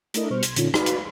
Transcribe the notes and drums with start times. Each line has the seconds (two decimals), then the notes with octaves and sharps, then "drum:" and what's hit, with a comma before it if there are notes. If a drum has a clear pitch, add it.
0.14 A3 D4 E4 A#4 D#5, drum: hi-hat
0.30 B2 G3 C5 C#6 F6
0.42 B1 C6 G#6, drum: hi-hat
0.56 A#2 D3 C#4 D#4 F4, drum: hi-hat
0.74 D#4 F#4 B4 D5 F5 B5, drum: rim click
0.86 drum: hi-hat